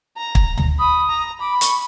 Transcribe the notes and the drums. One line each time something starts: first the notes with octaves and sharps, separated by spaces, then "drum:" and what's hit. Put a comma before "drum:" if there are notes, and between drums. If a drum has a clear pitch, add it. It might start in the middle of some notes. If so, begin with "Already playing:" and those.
A#5
drum: kick
drum: tom D2
B5 D#6
A#5
B5 D6
C#6, drum: hi-hat